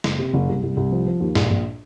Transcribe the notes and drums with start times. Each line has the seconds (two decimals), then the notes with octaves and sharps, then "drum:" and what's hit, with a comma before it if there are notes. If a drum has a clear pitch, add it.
0.04 F#1, drum: snare
0.19 C3
0.34 F#1
0.49 C2
0.63 C2
0.77 C2
0.92 F3
1.07 F3
1.20 D#2
1.35 A#1, drum: snare
1.50 A#1